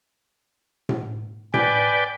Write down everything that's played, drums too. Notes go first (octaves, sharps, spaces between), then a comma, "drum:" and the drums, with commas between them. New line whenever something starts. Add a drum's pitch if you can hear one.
drum: tom A2
B4 D5 G5 G#5, drum: tom A2